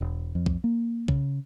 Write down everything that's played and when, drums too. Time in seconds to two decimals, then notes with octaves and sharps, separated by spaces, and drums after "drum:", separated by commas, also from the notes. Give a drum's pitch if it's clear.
0.01 E1
0.35 F2
0.46 drum: kick
0.64 A#3
1.08 C#3, drum: kick